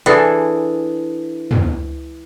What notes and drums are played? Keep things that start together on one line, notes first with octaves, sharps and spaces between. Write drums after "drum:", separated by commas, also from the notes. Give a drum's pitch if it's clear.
E3 D4 G#4 A4, drum: hi-hat
drum: tom